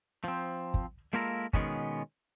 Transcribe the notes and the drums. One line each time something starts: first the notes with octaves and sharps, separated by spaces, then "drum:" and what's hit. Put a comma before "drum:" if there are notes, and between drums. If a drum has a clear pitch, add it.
F3 C4
drum: kick
G#3 A#3 E4 F4 A4 A#4
B2 D#3 G#3 B3 C#4, drum: kick